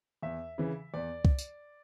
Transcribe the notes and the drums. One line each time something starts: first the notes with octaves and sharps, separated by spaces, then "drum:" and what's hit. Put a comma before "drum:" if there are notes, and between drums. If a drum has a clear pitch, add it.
E2 E5
C#3 E3
E2 D5
drum: kick
drum: tambourine